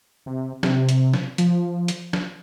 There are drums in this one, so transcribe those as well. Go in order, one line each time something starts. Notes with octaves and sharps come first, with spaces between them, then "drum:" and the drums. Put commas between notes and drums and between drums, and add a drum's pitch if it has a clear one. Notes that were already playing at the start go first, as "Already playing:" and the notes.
C3
C3, drum: snare
drum: hi-hat
drum: snare
F3, drum: hi-hat
drum: hi-hat
drum: snare